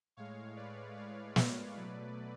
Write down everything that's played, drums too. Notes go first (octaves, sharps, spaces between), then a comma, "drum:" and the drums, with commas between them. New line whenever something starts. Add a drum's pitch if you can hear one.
A2 G#3 C#5 F5
B4 D5
C#5 F5
C#5 F5, drum: snare
B2 F#3 A3 B4 D5